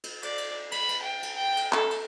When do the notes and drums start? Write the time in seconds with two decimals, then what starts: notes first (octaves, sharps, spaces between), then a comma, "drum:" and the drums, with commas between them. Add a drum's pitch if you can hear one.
0.04 drum: cymbal
0.23 D5, drum: cymbal
0.38 drum: cymbal
0.72 B5, drum: cymbal
0.89 drum: cymbal
1.02 G5
1.23 drum: cymbal
1.36 G5
1.57 drum: cymbal
1.73 A4, drum: clap A#5
1.91 drum: cymbal